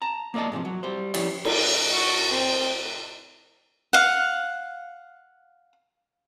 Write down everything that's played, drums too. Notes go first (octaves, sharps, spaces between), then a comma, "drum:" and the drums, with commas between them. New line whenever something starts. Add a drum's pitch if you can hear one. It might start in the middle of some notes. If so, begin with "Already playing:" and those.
A5 A#5
A#3 A#4 D5 D#5 A5
G#2 C3 E3 F3
F#3
G3 C5
F3 E4 G4 C#5 D5, drum: cymbal
drum: cymbal
F#4
C4
F5 F#5